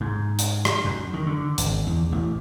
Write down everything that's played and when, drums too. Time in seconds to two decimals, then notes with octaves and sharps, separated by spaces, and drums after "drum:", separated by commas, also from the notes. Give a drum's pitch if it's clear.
0.01 G#2
0.39 drum: hi-hat
0.65 drum: rim click
0.85 F#2
1.14 D#3
1.27 D3
1.58 G#1, drum: hi-hat
1.87 E2
2.12 A1